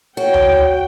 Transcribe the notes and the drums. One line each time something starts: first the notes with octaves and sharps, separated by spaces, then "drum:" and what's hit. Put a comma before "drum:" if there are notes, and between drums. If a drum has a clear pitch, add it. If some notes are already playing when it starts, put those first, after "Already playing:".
F#4 C#5 G5
drum: tom D2